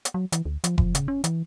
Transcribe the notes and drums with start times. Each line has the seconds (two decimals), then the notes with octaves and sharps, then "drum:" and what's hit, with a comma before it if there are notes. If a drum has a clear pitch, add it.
0.05 drum: hi-hat
0.14 F#3
0.32 E3, drum: hi-hat
0.45 D2
0.64 F3, drum: hi-hat
0.78 F3, drum: kick F1
0.95 C#3, drum: hi-hat
1.08 C#4
1.24 E3, drum: hi-hat